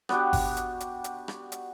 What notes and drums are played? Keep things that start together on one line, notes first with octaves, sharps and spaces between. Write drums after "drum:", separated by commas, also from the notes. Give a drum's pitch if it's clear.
B3 D4 F#4 G4, drum: rim click
drum: kick G1, open hi-hat
drum: hi-hat
drum: hi-hat
drum: hi-hat
drum: rim click
drum: hi-hat